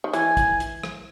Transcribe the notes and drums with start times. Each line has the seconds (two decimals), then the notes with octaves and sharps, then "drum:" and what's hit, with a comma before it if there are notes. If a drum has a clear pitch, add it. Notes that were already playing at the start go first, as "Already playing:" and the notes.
0.04 D#3
0.13 E3 G#5, drum: hi-hat
0.37 drum: kick, hi-hat
0.60 drum: hi-hat
0.84 drum: rim click